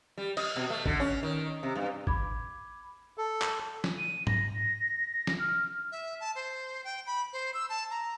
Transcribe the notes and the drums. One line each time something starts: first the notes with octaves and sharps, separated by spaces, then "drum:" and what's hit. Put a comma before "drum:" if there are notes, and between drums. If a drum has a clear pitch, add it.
G3
D#5, drum: cymbal
B2
A3
D3, drum: kick
C#4
D#3
C3
G2
B5 D6 G#6, drum: kick
A4
drum: clap
drum: snare
D#7
A#6, drum: tom G#2
drum: snare
F6
E5
A5
C5
G5
B5
C5
E6
A5
A#5